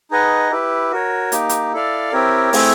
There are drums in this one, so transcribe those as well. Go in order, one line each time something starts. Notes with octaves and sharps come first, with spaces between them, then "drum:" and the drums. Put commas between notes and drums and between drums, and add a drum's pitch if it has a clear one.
D#4 G#4 B4 D#5 F#5
E4 G4 B4
F#4 A#4 C#5
A#3 D#4 G4, drum: hi-hat
drum: hi-hat
E4 A4 D5 F5
C4 E4 G4 A#4 C#5
A3 C4 E4 G#4, drum: open hi-hat